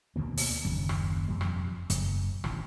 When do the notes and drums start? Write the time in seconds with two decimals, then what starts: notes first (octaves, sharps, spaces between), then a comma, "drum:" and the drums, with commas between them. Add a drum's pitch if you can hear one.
0.16 D2 B2 D3 A#3
0.38 drum: open hi-hat
0.65 F#1 D#2 C#3, drum: kick
0.89 drum: rim click
1.28 E1 F2 F3 G3
1.41 drum: rim click
1.90 F#1, drum: kick, hi-hat
2.44 D1 A1 D2 C3, drum: rim click